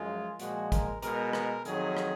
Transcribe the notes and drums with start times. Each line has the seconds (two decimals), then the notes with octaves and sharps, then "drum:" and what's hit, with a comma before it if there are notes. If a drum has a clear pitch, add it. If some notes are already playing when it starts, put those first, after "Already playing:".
Already playing: F#2 F3 G#3 F4
0.39 A#2 F3 G#3 F#4, drum: hi-hat
0.72 A#4, drum: kick, hi-hat
1.02 B2 G#3 A#4, drum: hi-hat
1.33 A#4, drum: rim click
1.65 F2 D#3 F#3 G#4, drum: hi-hat
1.97 drum: rim click